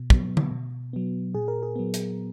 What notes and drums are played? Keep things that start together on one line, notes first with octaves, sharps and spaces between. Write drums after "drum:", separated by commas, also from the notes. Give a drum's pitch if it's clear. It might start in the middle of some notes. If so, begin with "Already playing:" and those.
Already playing: B2
F#3 B3, drum: kick
drum: tom D3
B2
F#3 B3
A#2 G#4
A#4
G#4
F#3 B3
drum: hi-hat